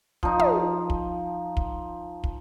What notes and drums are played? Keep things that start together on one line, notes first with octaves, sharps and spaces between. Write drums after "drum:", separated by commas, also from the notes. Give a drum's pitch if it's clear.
F3 D#4, drum: kick
drum: tom
drum: kick
drum: kick
drum: kick